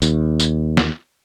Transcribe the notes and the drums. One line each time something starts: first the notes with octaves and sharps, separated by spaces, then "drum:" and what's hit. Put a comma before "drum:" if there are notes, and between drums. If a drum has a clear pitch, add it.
D#2, drum: tambourine
drum: tambourine
drum: snare